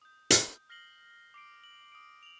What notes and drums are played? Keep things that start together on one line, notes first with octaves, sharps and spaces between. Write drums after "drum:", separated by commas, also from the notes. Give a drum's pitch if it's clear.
D#6 G6
drum: hi-hat
F6 A#6 C7 F#7 G7
D6 C7 D7
F#7
D#6 D7
F7 F#7